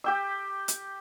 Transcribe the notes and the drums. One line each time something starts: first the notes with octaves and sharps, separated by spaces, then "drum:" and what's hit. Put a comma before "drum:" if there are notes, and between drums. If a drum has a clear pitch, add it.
G4 G5 E6
drum: hi-hat